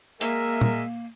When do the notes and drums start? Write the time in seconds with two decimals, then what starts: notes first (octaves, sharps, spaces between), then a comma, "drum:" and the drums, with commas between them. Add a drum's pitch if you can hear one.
0.21 G#3 A#3 A#4 E5, drum: hi-hat
0.61 drum: tom A#2